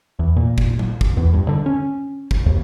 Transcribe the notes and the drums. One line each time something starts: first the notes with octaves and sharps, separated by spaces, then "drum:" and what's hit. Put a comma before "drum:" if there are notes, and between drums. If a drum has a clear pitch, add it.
E2
A#2
drum: kick
drum: tom F#3
drum: kick
E2
G2
D3
C#4
drum: kick
D#2